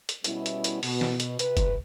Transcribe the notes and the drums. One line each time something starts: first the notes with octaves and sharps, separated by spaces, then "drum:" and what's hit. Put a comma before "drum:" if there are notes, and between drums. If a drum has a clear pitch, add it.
drum: hi-hat
B2 G3 B3 C#4 E4, drum: hi-hat
drum: hi-hat
drum: hi-hat
B2, drum: open hi-hat
drum: snare
drum: hi-hat
C3 B4, drum: hi-hat
drum: kick F1, hi-hat